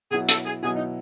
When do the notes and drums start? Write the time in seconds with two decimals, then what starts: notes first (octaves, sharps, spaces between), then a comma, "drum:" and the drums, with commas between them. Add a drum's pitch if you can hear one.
0.11 B2 F#3 B3 E4 G#4
0.29 A4, drum: hi-hat
0.45 G#4
0.63 B2 F#3 B3 E4 G#4
0.76 D#4